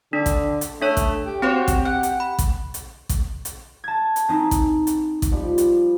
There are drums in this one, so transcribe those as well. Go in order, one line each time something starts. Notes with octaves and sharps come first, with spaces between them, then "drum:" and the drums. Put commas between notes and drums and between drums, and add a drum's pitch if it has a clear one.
D3 D4
drum: kick A1, hi-hat
drum: hi-hat
A3 D4 C#5
drum: kick A1, hi-hat
G4
C4 F#4 C5 C#5
drum: kick A1, hi-hat
F#5
drum: hi-hat
B5
drum: kick A1, hi-hat
drum: hi-hat
drum: kick A1, hi-hat
drum: hi-hat
A5 G#6
drum: hi-hat
C4 D#4 E4 G#5
drum: kick A1, hi-hat
drum: hi-hat
drum: kick A1, hi-hat
F3 G3 G4
drum: hi-hat